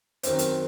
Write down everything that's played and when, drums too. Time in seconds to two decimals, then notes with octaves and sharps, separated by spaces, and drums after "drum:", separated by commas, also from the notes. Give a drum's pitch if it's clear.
0.23 F#2 D#3 C4, drum: hi-hat
0.39 drum: hi-hat